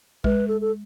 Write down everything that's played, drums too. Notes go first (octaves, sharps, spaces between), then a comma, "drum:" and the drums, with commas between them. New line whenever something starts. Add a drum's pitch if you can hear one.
G#3 B4, drum: kick
A4
A4